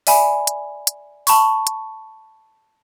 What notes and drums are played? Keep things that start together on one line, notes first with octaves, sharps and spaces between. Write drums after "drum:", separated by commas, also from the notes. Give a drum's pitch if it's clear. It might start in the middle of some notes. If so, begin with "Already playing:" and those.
D5 E5 G#5 B5, drum: open hi-hat
drum: hi-hat
drum: hi-hat
A5 B5 C#6, drum: open hi-hat
drum: hi-hat